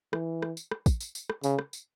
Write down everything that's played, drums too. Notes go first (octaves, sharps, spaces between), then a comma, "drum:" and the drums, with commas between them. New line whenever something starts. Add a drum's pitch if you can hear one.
E3, drum: rim click
drum: rim click
drum: tambourine
drum: rim click
drum: kick, tambourine
drum: tambourine
drum: tambourine
drum: rim click
C#3, drum: tambourine
drum: rim click
drum: tambourine